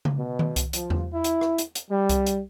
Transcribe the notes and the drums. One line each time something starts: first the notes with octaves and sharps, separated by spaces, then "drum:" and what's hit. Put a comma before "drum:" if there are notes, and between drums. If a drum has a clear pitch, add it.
drum: tom C#3
B2
drum: tom D#3
drum: kick C2, hi-hat
F3, drum: hi-hat
drum: tom E2
E4
drum: hi-hat
drum: rim click
drum: hi-hat
drum: hi-hat
G3
drum: kick C2, hi-hat
drum: hi-hat